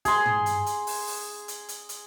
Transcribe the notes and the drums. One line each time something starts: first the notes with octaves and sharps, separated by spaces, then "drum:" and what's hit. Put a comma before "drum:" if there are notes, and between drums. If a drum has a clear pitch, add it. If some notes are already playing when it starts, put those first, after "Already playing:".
G#4 C6, drum: kick, hi-hat
drum: tom
drum: hi-hat
drum: hi-hat
drum: open hi-hat
drum: open hi-hat
drum: hi-hat
drum: hi-hat
drum: hi-hat